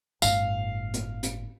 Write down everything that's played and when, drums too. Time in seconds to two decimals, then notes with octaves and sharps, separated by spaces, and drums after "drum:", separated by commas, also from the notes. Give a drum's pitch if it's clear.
0.22 G1 A2 F5, drum: tambourine
0.94 drum: hi-hat
1.23 drum: hi-hat